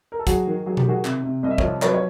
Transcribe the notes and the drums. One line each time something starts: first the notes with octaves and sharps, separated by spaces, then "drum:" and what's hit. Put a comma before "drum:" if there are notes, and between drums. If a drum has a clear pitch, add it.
A#4
A4
F#3 F#4 G#4, drum: kick, hi-hat
D#3
F#3 G#4
G4, drum: tom B2
D#3 F#4 G#4
C3, drum: clap
C3
C2 D#5
E5
F3 C#5 D#5, drum: kick
F#3 B4 C#5, drum: clap
C#5